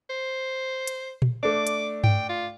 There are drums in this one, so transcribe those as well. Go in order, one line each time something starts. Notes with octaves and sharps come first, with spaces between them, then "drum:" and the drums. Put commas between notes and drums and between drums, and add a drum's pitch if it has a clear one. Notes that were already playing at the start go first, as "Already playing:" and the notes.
C5
drum: hi-hat
drum: tom A#2
A3 D4 D6
drum: hi-hat
G5, drum: tom G2
F4